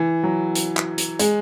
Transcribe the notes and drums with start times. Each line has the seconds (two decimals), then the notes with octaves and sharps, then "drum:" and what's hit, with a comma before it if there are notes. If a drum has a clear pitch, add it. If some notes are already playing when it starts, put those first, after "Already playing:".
Already playing: E3
0.23 F#3
0.55 drum: hi-hat
0.77 drum: clap
0.98 drum: hi-hat
1.19 G#3, drum: hi-hat